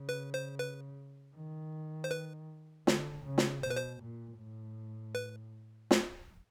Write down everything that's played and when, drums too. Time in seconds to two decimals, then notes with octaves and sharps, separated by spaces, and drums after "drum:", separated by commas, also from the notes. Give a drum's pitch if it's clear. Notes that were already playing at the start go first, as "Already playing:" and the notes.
Already playing: C#3
0.09 B4
0.34 C5
0.59 B4
1.35 D#3
2.04 C5
2.11 B4
2.87 D3, drum: snare
3.25 C#3
3.38 drum: snare
3.63 B2 C5
3.70 B4
3.77 C5
4.01 A#2
4.39 A2
5.15 B4
5.91 drum: snare